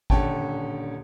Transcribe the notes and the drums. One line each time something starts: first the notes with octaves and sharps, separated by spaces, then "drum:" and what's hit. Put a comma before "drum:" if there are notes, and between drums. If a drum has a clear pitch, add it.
D#1 D3 C#4 C#5 G5 A5, drum: kick G#1